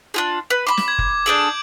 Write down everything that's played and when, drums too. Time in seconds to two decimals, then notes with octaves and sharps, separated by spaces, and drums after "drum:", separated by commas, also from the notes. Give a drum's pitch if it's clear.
0.14 D4 F4 G#4
0.50 B4
0.67 B5 C6 D6
0.77 drum: snare
0.88 G#6
0.99 drum: kick
1.26 D4 G#4 A4 G6 D7 F#7